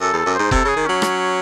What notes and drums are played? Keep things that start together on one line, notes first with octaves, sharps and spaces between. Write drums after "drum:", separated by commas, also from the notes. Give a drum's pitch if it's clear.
F#2 A4
E2 A4
F#2
G#2 C5
C3 A4, drum: kick F1
C#3 G#4
D#3
F#3 C#4
drum: rim click